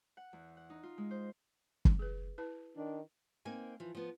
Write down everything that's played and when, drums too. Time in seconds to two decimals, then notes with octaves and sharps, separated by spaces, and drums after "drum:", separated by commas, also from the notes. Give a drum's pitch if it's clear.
0.17 F#5
0.33 E2
0.57 F#5
0.70 D#4
0.83 F4
0.98 G#3
1.11 C5
1.85 drum: kick
1.99 G#4 B4
2.38 E4 B4 A5
2.77 D#3 D4
3.45 A#3 C4 D#4 G#5
3.80 E3 F3
3.95 F3 B3